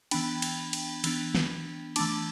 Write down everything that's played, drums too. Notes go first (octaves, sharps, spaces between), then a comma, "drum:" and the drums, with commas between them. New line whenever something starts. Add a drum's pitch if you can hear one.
E3 B3 D4 G5 B5, drum: cymbal
drum: cymbal
drum: cymbal
E3 B3 D4, drum: cymbal
drum: snare
E3 A3 D4 A5 D6, drum: cymbal